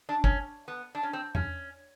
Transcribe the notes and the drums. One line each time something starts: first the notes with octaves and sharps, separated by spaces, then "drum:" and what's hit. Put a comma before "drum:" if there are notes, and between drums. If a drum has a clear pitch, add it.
D4
C#4, drum: kick
B3
D4
C#4
C4
C#4, drum: tom E2